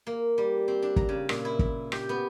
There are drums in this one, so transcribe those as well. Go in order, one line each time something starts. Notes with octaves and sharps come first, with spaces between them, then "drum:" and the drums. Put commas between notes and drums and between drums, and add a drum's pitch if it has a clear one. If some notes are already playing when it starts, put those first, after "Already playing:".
A#3
G3
C4
D4
A#5, drum: kick
C#3
A#2, drum: rim click
E4
drum: kick
G4, drum: rim click
B3